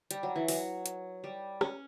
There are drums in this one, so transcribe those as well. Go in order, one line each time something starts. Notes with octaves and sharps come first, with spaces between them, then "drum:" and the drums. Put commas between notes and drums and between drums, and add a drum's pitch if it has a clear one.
G3, drum: hi-hat
F#3
E3
F#3, drum: open hi-hat
drum: hi-hat
G3
C#4, drum: rim click